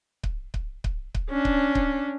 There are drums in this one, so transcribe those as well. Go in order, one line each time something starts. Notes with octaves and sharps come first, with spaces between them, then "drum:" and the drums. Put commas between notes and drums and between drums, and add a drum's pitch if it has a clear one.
drum: kick C#1
drum: kick C#1
drum: kick C#1
drum: kick C#1
C#4 D4
drum: kick C#1
drum: kick C#1